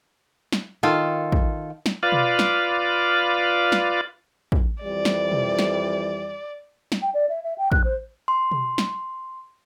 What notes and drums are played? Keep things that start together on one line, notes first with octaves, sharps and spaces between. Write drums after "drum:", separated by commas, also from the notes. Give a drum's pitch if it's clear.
drum: snare
D#3 F4 A4 F5
drum: kick
drum: snare
F4 B4 D5 F5
drum: tom B2
drum: snare
drum: snare
drum: kick
F2 E3 G3 D5
drum: snare
drum: tom B2
drum: snare
drum: snare
G5
D5
E5
E5
G5
F#6, drum: kick
C5
C6
drum: tom B2
drum: snare